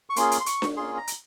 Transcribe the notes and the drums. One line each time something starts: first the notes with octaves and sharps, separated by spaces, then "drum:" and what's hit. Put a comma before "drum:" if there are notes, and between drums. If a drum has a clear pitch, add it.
C#6
A#3 C#4 F4 G#4 C6, drum: hi-hat
drum: hi-hat
C6
C#6, drum: hi-hat
drum: snare D4
A#3 C#4 F4 G#4 C6
A#5
drum: hi-hat